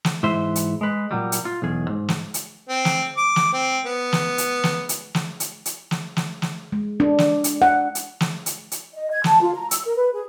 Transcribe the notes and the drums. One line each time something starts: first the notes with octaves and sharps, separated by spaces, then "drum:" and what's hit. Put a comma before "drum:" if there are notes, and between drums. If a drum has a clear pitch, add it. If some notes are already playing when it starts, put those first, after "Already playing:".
drum: snare
G#2 E3 C5 E5
drum: hi-hat
G#3 B4
A#2 F#3 G3
drum: hi-hat
F4
B1 E2 G#4
G#2
drum: snare
drum: hi-hat
C4
drum: snare
D6
drum: snare
C4
B3
drum: snare
drum: hi-hat
drum: snare
drum: hi-hat
drum: snare
drum: hi-hat
drum: hi-hat
drum: snare
drum: snare
drum: snare
G#3
D4
drum: snare
drum: hi-hat
F#5
drum: hi-hat
drum: snare
drum: hi-hat
drum: hi-hat
D#5
G#6
A5, drum: snare
F4
A#5
E6, drum: hi-hat
A#4
B4
G#4